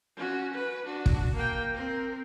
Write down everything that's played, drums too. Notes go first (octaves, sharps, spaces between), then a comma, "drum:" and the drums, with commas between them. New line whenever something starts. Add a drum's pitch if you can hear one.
C#4 F#4
B4
D4 F#4
drum: kick
A#3 G5
C4 A#4